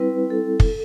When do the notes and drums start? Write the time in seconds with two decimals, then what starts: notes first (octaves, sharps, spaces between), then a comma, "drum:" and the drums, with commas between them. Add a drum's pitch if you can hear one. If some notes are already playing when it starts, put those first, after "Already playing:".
Already playing: G3 C4 E4 B4
0.30 A4
0.60 drum: kick